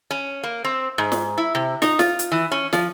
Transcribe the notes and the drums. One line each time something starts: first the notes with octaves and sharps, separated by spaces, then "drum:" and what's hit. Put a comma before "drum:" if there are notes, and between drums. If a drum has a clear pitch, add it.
C#4
A#3
C4
G#2
drum: snare
E4
C3
D#4, drum: snare
F4, drum: snare
drum: hi-hat
E3
C#4
F3, drum: snare